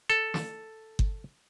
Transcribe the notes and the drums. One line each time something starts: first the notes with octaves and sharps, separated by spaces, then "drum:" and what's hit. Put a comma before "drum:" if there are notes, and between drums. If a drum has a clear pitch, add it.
A4
drum: snare
drum: kick G1